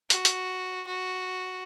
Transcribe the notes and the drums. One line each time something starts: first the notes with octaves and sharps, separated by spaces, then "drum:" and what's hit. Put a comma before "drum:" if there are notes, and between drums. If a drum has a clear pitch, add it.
F#4, drum: hi-hat
drum: hi-hat
F#4